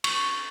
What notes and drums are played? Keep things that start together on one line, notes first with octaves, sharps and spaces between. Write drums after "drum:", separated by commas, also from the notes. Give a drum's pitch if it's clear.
C#6, drum: cymbal